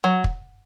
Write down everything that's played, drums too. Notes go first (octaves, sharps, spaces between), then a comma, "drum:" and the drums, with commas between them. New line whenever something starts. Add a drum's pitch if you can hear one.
F#3
drum: kick